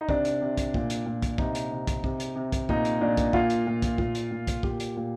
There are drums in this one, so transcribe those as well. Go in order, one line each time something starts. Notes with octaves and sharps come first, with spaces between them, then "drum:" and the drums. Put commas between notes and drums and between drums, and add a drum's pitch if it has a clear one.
D#4
C3 D4, drum: kick
drum: hi-hat
C3
drum: kick, hi-hat
A#2, drum: kick
drum: hi-hat
A#2
drum: kick, hi-hat
C3 D#4, drum: kick
drum: hi-hat
C3
drum: kick, hi-hat
C3, drum: kick
drum: hi-hat
C3
drum: kick, hi-hat
A#2 D#4, drum: kick
drum: hi-hat
A#2 D4
drum: kick, hi-hat
A#2 F4, drum: kick
drum: hi-hat
A#2
drum: kick, hi-hat
A#2, drum: kick
drum: hi-hat
A#2
drum: kick, hi-hat
A#2 G4, drum: kick
drum: hi-hat
A#2